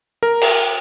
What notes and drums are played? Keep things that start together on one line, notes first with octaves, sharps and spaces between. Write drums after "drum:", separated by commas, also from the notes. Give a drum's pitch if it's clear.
A#4
drum: cymbal